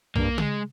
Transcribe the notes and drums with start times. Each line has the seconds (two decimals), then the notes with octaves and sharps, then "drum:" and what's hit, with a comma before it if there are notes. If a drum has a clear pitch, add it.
0.15 G2 A#3, drum: tom
0.38 G#3, drum: tom C#3